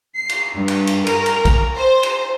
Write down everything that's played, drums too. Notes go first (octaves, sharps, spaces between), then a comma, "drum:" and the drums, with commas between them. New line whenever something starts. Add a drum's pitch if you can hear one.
C7
drum: cymbal
G2
drum: cymbal
drum: cymbal
A#4, drum: cymbal
drum: cymbal
drum: kick, cymbal
C5
drum: cymbal